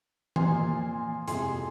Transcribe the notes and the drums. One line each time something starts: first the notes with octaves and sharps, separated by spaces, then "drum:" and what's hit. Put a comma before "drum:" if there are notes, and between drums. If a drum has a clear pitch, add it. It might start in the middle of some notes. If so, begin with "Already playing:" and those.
A#2 F3 A#3 G#5 C6, drum: tom E3
F2 C3 F3 G#3 G#5 C6, drum: hi-hat